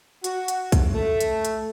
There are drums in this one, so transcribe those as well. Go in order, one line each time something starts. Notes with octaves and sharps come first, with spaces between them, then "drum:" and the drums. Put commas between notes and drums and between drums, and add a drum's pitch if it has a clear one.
F#4, drum: hi-hat
drum: hi-hat
drum: kick B1, hi-hat
A3
drum: hi-hat
drum: hi-hat